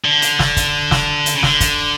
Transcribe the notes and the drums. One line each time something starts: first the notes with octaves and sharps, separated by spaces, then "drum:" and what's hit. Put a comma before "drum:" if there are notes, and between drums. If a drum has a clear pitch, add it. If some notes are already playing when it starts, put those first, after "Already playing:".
D3
drum: hi-hat
drum: snare
drum: kick, hi-hat
drum: snare
drum: hi-hat
C#3
D3, drum: snare
drum: kick, hi-hat